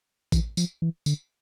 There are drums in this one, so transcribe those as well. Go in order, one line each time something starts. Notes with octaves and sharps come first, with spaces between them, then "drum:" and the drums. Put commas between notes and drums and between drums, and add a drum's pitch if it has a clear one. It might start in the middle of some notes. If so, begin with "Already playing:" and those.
E3, drum: kick A1, tambourine
F3, drum: tambourine
E3
D3, drum: tambourine